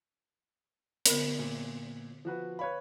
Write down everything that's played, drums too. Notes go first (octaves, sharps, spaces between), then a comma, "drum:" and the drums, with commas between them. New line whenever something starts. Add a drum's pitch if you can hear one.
D3 B3 A#4, drum: hi-hat
A#2
F3 F#4 B4
B4 C#5 F5 B5